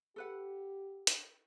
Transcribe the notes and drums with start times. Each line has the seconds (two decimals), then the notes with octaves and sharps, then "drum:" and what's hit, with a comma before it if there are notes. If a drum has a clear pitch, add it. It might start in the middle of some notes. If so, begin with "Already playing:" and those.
0.16 G4 A4 B4 F#5
1.07 drum: hi-hat